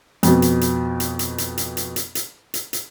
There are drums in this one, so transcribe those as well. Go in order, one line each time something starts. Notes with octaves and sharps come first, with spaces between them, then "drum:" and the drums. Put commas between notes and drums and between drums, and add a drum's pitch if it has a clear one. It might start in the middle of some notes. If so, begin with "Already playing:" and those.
F2 B2, drum: hi-hat
drum: hi-hat
drum: hi-hat
drum: hi-hat
drum: hi-hat
drum: hi-hat
drum: hi-hat
drum: hi-hat
drum: hi-hat
drum: hi-hat
drum: hi-hat
drum: hi-hat